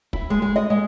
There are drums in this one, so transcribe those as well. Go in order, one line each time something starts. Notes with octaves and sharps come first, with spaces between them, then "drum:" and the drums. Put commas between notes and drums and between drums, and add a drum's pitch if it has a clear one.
E4, drum: kick
G#3
G#3
D#5
G#3